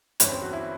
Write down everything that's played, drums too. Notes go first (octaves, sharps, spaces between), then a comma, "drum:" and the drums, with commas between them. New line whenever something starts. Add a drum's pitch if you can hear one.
G1 G2 E3 G3 C#4, drum: hi-hat
C4
F#4
E4